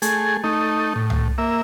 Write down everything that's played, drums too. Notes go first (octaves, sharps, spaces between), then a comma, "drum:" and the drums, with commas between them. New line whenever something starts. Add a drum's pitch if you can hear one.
A3 G#4, drum: hi-hat
A3 D#4
A2
drum: tom C2
A#3 E5